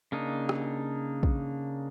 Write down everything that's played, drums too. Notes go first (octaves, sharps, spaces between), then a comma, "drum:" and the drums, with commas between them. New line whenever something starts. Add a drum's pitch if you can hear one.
C#3 A#3 D4 D#4
drum: rim click
drum: kick